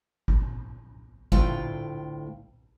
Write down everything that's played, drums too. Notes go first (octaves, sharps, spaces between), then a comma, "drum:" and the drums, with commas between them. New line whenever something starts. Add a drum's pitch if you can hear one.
drum: kick
D2 A2 F4 G5, drum: kick